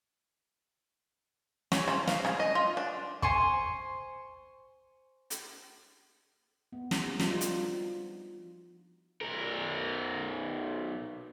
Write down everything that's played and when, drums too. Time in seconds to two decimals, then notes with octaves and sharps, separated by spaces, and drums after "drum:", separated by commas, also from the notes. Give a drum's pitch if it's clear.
1.72 C#4, drum: snare
1.88 F3, drum: rim click
2.08 F5, drum: snare
2.25 G#4, drum: rim click
2.40 D#5
2.55 F4
2.77 D4
3.22 C5 G#5 C6 C#6, drum: kick
5.30 drum: hi-hat
6.72 B3
6.91 drum: snare
7.20 F3 G3 D4 D#4 F4 F#4, drum: snare
7.41 drum: hi-hat
9.21 B1 A#4